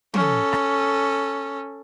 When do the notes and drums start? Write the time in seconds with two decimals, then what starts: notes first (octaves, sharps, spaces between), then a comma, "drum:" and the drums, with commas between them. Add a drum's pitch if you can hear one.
0.14 C#4 A4, drum: tom
0.53 drum: rim click